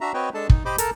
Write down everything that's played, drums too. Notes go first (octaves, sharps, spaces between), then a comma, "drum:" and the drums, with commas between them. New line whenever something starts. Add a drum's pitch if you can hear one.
D4 F#4 E5 A#5
C4 F#4 B4 C#5 D#5 G5
G#3 D4 A4 A5
D#4, drum: kick
G4 C5 D#5 B5 D6
A4 A#4 A5 A#5, drum: hi-hat